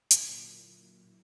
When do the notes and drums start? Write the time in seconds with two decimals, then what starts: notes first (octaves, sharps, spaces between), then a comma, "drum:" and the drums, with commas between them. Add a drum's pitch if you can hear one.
0.11 B2, drum: hi-hat
0.14 A#2 D3 F#3 A#3 E4